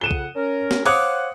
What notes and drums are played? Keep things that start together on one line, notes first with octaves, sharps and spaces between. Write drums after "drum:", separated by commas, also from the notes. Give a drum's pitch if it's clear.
F2 C#3 F#5 D#7 E7 G7
drum: kick
C#4 A#4
drum: snare
C5 C#5 F5 F#5 D6 D#6 F#6 C#7, drum: open hi-hat